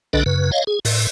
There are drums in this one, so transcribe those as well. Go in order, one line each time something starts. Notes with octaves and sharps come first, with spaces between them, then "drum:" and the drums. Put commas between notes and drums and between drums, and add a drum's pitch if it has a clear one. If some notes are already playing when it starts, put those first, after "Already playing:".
B1 D3 D4 A4 B4 D#5
F#2 C#3 B4
C#5 D#5 F5
G#4
A2, drum: open hi-hat